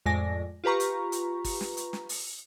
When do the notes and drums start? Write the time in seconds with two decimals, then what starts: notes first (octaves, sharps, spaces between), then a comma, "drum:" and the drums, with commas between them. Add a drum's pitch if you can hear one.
0.06 F2 A2 G#3 D5 G#5 A#6
0.64 F4 G4 B4 A#5 C#6
0.80 drum: hi-hat
1.12 drum: hi-hat
1.44 drum: kick, open hi-hat
1.61 drum: snare
1.77 drum: hi-hat
1.93 drum: snare
2.09 drum: open hi-hat